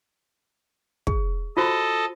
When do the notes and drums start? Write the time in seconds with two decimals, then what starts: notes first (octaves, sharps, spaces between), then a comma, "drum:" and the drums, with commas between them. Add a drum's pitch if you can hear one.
1.07 G#4, drum: kick
1.57 F4 F#4 A4 C5 D#5